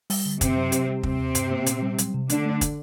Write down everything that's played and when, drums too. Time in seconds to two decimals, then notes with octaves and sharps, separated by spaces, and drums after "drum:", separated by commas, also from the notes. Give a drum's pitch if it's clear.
0.10 G3, drum: open hi-hat
0.26 D3
0.41 F#2 C3 C4, drum: kick, hi-hat
0.57 F#3
0.72 G4, drum: hi-hat
0.88 G3
1.03 D#2 C3 C4, drum: kick
1.20 D#2
1.35 G2, drum: hi-hat
1.51 A#3
1.66 A#2, drum: hi-hat
1.82 G3
1.98 F#3, drum: hi-hat
2.14 C3
2.29 D3 A3 D4, drum: hi-hat
2.46 A3
2.61 drum: kick, hi-hat